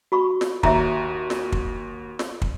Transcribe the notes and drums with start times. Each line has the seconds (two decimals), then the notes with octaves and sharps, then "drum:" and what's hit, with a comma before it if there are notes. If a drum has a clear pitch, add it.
0.12 F#4 B5 C#6
0.41 drum: snare
0.63 D#2 F#4 C#5 E5 A#5, drum: kick
1.30 drum: snare
1.52 drum: kick
2.19 drum: snare
2.42 drum: kick